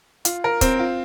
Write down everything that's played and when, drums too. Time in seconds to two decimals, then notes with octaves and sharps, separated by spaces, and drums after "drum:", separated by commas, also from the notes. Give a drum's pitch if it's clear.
0.25 F4, drum: hi-hat
0.44 A#4
0.61 C4, drum: kick, hi-hat
0.79 F4